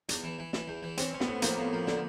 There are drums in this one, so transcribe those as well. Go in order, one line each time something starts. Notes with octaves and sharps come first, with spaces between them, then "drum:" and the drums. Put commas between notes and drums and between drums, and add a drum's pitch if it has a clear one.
E2, drum: hi-hat
E3
E3
E3, drum: snare
E2
E3
C4 C#4, drum: hi-hat
C#4
B3, drum: snare
A2
F3 A#3, drum: hi-hat
A2
F3
D3, drum: snare